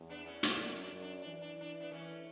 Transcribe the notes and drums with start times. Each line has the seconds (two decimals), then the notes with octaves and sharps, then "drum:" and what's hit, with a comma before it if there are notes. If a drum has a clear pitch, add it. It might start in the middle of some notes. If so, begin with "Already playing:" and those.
Already playing: E2
0.09 B3 D4
0.26 A3 C#4
0.43 D4, drum: hi-hat
0.59 F#2 D4
0.82 D4
0.92 F#2
1.02 D4
1.22 E3 D4
1.41 D4
1.61 D4
1.80 B3 D4
1.91 E3 A3 C#4